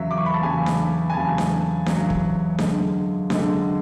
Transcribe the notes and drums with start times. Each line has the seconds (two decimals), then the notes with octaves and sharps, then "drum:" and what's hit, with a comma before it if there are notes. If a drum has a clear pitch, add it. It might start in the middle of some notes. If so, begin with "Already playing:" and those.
Already playing: E2 C#3 F#3 E5
0.11 D6
0.18 C#6
0.26 B5
0.34 A5
0.42 E2 C#3 F#3 G#5
0.66 drum: snare D4
1.10 G#5
1.14 E2 C#3 F#3 A5
1.38 drum: snare D4
1.86 E2 C#3 F#3, drum: snare D4
2.10 drum: kick
2.59 F#2 D3 G#3, drum: snare D4
3.30 F#2 D3 G#3, drum: snare D4